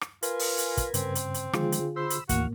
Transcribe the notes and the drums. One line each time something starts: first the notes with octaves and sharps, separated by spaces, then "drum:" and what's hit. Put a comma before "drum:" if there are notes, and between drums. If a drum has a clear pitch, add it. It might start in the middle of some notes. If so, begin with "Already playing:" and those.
drum: rim click
F4 A#4 B4 G#5, drum: hi-hat
drum: open hi-hat
drum: hi-hat
drum: kick, hi-hat
G2 C#3 C4, drum: hi-hat
drum: hi-hat
drum: hi-hat
D3 D#3 F3 G#3 F4 G#4, drum: rim click
drum: hi-hat
C5 B5 E6
drum: hi-hat
D#2 A2 E3 A#3 F#4 F5, drum: kick, hi-hat